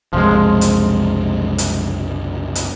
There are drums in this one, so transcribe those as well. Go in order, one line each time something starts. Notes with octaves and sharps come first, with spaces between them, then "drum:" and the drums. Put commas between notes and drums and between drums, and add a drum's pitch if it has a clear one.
F#1 C2 C3 F3 G#3
drum: hi-hat
drum: hi-hat
drum: hi-hat